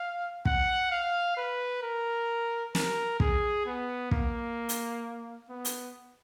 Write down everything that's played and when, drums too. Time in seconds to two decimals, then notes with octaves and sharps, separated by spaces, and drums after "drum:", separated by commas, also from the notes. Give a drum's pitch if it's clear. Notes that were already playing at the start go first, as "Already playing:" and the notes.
Already playing: F5
0.45 F#5, drum: kick
0.91 F5
1.37 B4
1.82 A#4
2.75 A#4, drum: snare
3.20 G#4, drum: kick
3.66 B3
4.11 A#3, drum: kick
4.69 drum: hi-hat
5.49 B3
5.65 drum: hi-hat